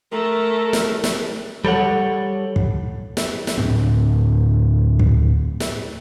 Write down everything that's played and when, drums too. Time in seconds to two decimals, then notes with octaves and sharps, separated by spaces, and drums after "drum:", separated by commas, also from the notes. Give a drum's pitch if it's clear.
0.11 A3 A4 A#4
0.73 drum: snare
1.04 drum: snare
1.65 G3 A4 C#5 F#5
2.56 drum: kick
3.17 drum: snare
3.47 drum: snare
3.58 D2 A2 C4
4.99 drum: kick
5.60 drum: snare